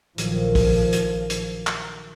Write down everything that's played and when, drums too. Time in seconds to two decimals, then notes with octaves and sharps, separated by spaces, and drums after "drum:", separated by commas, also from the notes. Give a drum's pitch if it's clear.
0.18 A#1 D#3 F3 F#3 A4, drum: hi-hat
0.55 drum: kick, open hi-hat
0.92 drum: hi-hat
1.30 drum: hi-hat
1.67 drum: clap